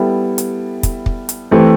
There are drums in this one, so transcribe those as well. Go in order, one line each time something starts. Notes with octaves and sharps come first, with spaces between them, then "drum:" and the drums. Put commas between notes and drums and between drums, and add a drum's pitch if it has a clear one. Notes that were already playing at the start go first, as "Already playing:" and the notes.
Already playing: G3 B3 E4 A4
drum: hi-hat
drum: kick, hi-hat
drum: kick
drum: hi-hat
E3 A3 C4 G4